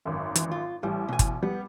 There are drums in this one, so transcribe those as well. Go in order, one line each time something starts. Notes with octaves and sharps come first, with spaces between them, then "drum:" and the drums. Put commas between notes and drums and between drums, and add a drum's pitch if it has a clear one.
G#1 F#2
E3, drum: hi-hat
F4
A1 G3
B2 G#5
drum: kick G1, hi-hat
G3 B3